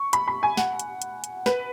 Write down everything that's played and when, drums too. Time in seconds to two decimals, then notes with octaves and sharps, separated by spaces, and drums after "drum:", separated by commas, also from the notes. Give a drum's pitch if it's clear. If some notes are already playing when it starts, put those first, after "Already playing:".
Already playing: C#6
0.13 B5, drum: hi-hat
0.28 B5
0.43 G#5
0.57 F#5, drum: snare
0.79 drum: hi-hat
1.02 drum: hi-hat
1.24 drum: hi-hat
1.46 B4, drum: snare